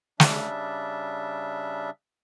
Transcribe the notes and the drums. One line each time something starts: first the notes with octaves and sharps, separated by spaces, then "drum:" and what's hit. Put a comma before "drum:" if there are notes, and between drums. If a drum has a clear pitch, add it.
C#3 G3 D4 E5, drum: snare